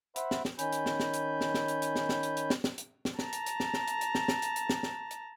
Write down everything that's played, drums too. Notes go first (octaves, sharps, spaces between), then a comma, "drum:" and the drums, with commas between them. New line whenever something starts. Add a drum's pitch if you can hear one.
C5 E5 F#5 B5, drum: hi-hat
drum: snare
drum: snare
D#3 C#4 G#5 B5 G6, drum: hi-hat
drum: hi-hat
drum: snare
drum: snare
drum: hi-hat
drum: snare
drum: snare
drum: hi-hat
drum: hi-hat
drum: snare
drum: snare
drum: hi-hat
drum: hi-hat
drum: snare
drum: snare
drum: hi-hat
drum: snare
A5 A#5, drum: snare
drum: hi-hat
drum: hi-hat
drum: snare
drum: snare
drum: hi-hat
drum: hi-hat
drum: snare
drum: snare
drum: hi-hat
drum: hi-hat
drum: snare
drum: snare
drum: hi-hat